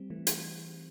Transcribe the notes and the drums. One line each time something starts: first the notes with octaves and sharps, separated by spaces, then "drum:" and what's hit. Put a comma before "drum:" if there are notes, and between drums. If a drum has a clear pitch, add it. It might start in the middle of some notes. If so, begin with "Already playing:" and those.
Already playing: G3 C4
E3 A3
drum: hi-hat